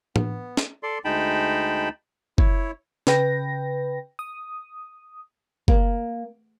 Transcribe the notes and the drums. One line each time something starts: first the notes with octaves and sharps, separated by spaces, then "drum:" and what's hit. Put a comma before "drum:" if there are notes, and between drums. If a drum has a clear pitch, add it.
B3, drum: tom A2
drum: snare
A4 D5 C6
D2 G#3 D#4 G5 A5 B5
E4 C#5, drum: kick F#1
C#3 B4 G5 A#6, drum: snare
D#6
A#3, drum: kick F#1